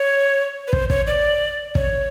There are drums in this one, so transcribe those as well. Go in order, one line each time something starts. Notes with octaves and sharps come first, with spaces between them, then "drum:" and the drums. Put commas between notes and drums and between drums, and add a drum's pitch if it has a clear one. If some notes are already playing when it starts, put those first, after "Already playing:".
Already playing: C#5
B4
C5, drum: kick
C#5, drum: kick
D5
C#5, drum: kick